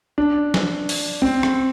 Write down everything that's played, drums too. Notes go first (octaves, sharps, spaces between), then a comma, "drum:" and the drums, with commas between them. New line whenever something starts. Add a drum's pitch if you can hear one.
D4
drum: snare
drum: open hi-hat
C4
drum: rim click